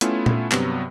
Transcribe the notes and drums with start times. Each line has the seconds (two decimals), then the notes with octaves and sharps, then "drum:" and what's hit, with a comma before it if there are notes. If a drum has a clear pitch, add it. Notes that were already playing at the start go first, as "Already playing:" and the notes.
0.01 A3 B3 C#4 E4 F4, drum: hi-hat
0.26 drum: tom A#2
0.52 G2 C3 F#3 B3, drum: clap